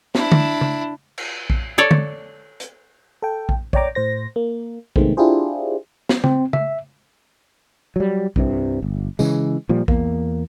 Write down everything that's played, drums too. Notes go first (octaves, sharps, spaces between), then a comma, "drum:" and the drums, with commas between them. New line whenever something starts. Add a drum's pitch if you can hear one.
D4 E4, drum: snare
drum: tom D3
drum: tom C#3
drum: cymbal
drum: kick A#1
A4 C#5 D5
drum: tom D3
drum: hi-hat
A4 G5
drum: kick A#1
C#5 D5 G5 A#5 D6, drum: kick A#1
A2 C5 A#6
A#3
C3 D#3 G#3 A3 B3 C4, drum: kick A#1
D4 E4 F4 G4 G#4 C5
drum: snare
C4, drum: tom C#3
E5, drum: tom C#3
F#3 G3
C2 G2 C3, drum: kick A#1
G1
C#3 E3 G#3, drum: tambourine
A#2 F3 G3
E2 A#3, drum: kick A#1